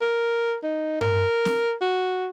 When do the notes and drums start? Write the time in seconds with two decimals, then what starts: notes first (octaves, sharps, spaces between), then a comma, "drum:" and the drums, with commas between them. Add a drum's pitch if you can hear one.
0.01 A#4
0.63 D#4
1.01 A#4, drum: tom G2
1.45 drum: snare C4
1.81 F#4